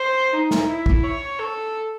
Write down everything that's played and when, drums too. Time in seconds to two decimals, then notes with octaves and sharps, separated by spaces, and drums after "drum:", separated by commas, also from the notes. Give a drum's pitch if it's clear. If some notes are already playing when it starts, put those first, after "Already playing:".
Already playing: C5
0.33 D#4
0.51 drum: snare
0.68 E4
0.86 drum: kick
1.03 C#5
1.39 A4